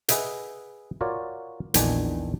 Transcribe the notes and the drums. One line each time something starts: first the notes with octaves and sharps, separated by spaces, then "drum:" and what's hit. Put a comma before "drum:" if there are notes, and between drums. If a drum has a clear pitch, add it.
G#4 B4 D#5 E5 F#5, drum: hi-hat
F4 F#4 A#4 C#5 D5
A#1 E2 D#3 D4 G#5 A5, drum: hi-hat